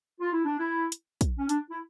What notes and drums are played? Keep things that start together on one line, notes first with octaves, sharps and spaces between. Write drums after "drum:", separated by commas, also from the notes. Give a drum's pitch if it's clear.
F4
E4
D4
E4
drum: hi-hat
drum: kick, hi-hat
C#4
D4, drum: hi-hat
E4